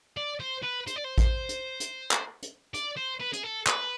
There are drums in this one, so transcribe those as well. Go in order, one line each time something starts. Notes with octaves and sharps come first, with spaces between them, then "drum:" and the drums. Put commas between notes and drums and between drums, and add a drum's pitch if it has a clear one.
D5
C5
B4
C5, drum: hi-hat
D5
C5
drum: kick A1, hi-hat
drum: hi-hat
drum: hi-hat
drum: clap
drum: hi-hat
D5, drum: hi-hat
C5
B4
G#4, drum: hi-hat
A4
B4, drum: clap